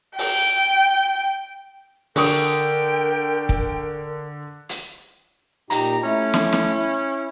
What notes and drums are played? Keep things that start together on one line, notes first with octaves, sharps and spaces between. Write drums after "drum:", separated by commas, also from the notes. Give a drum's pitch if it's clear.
G5, drum: open hi-hat
D3 A#4 G5 C#6 D#6, drum: open hi-hat
drum: kick
drum: hi-hat
A#2 D#4 G4 A#5, drum: hi-hat
A3 C#4 E4
drum: snare
drum: snare
E4